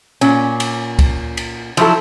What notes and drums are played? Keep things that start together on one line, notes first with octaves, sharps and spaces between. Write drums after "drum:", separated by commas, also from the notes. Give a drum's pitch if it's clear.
A#2 C#4, drum: cymbal
drum: cymbal
drum: kick C#2, cymbal
drum: cymbal
F3 F#3 E4 A4, drum: cymbal